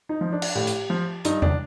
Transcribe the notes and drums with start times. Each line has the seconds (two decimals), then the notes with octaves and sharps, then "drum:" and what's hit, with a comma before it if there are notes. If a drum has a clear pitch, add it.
0.09 D#4
0.21 F3
0.32 D4
0.42 drum: cymbal
0.55 A2 G4
0.67 drum: hi-hat
0.90 F3
1.25 G2 D#4, drum: hi-hat
1.42 D4, drum: tom E2